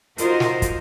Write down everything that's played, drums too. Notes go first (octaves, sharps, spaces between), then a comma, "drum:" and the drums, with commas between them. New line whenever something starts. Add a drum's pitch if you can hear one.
D#4 F4 F#4 A#4 C5 D#5, drum: hi-hat
drum: snare
drum: kick, hi-hat